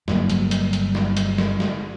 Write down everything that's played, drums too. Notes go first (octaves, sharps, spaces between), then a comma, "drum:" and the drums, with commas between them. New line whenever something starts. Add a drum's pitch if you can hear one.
G1 F#3 G3 A#3, drum: snare
drum: hi-hat
drum: hi-hat
drum: hi-hat
drum: snare
drum: hi-hat
drum: snare
drum: snare